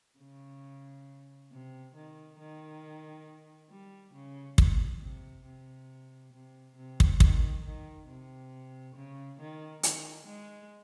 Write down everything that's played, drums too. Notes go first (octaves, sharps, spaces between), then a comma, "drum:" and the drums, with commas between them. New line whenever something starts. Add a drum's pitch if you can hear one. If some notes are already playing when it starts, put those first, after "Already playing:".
C#3
C3
D#3
D#3
G3
C#3
A#2, drum: kick
C3
C3
C3
C3
drum: kick
D#3, drum: kick
D#3
C3
C#3
D#3
D#3, drum: hi-hat
G#3